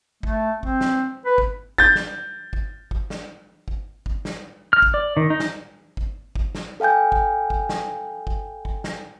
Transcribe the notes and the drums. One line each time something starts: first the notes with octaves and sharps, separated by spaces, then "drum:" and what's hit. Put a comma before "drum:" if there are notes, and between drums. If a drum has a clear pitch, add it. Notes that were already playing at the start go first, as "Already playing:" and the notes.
A3, drum: kick G1
C4, drum: kick G1
drum: snare
B4
drum: kick G1
G6 A6, drum: kick G1
drum: snare
drum: kick G1
drum: kick G1
drum: snare
drum: kick G1
drum: kick G1
drum: snare
F6
drum: kick G1
D5
D#3
D#4
drum: snare
drum: kick G1
drum: kick G1
drum: snare
A4 F5 G5 G#5 G6
drum: kick G1
drum: kick G1
drum: snare
drum: kick G1
drum: kick G1
drum: snare